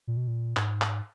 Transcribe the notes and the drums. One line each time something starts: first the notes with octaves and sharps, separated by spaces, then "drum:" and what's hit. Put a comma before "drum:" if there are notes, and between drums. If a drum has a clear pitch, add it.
A#2
B2
A#2
G#2, drum: clap
drum: clap